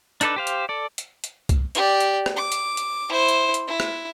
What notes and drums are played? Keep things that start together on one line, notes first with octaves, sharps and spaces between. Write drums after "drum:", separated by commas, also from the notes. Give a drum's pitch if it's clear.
D4 D#4 A4 B4 D5, drum: hi-hat
G4 C5 F5
drum: hi-hat
A4 D5
drum: hi-hat
drum: hi-hat
drum: kick C2, hi-hat
G4 D5, drum: hi-hat
drum: hi-hat
drum: rim click
D6
drum: hi-hat
drum: hi-hat
E4 C5
drum: hi-hat
drum: hi-hat
E4
drum: rim click